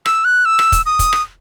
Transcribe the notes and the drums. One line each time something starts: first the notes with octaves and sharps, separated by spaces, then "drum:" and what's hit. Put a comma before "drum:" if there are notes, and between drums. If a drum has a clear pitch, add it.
E6, drum: rim click
F#6
E6
drum: rim click
drum: kick, hi-hat
D#6
drum: kick, hi-hat
drum: rim click